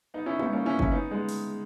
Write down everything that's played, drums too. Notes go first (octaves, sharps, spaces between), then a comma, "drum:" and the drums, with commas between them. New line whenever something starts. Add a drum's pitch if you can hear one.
B3 D#4
C#4 E4
B3 D#4, drum: tom
A#3 C#4
C#4 E4
C#4 E4, drum: kick
B3 D#4
G#3 B3
drum: open hi-hat